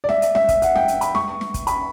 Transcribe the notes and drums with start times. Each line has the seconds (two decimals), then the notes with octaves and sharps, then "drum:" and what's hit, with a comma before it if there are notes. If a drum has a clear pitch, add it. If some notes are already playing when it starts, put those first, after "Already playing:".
0.04 D5
0.09 E5, drum: snare
0.22 drum: hi-hat
0.35 E5, drum: snare
0.48 drum: kick, hi-hat
0.62 F#5, drum: hi-hat
0.75 G5, drum: snare
0.88 drum: hi-hat
1.01 B5, drum: hi-hat
1.15 C#6, drum: snare
1.41 drum: snare
1.54 drum: kick, hi-hat
1.67 B5, drum: hi-hat